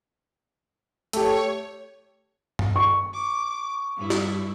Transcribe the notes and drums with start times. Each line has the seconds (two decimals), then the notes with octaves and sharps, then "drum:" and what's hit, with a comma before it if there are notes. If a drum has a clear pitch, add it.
1.13 A3 G4 C#5, drum: hi-hat
2.59 drum: tom G2
2.76 C#6
3.13 D6
3.96 G2 E4
4.10 drum: snare